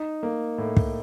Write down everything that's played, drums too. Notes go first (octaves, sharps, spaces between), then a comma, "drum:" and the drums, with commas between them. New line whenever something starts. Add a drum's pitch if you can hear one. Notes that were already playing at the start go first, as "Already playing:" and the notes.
Already playing: D#4
A#3
A2
drum: kick